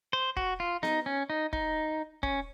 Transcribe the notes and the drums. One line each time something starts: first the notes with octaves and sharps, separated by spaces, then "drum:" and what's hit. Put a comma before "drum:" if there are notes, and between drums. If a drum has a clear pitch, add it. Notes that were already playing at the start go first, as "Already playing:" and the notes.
C5
F#4, drum: kick
F4
D#4, drum: snare B3
C#4
D#4
D#4, drum: kick
C#4, drum: kick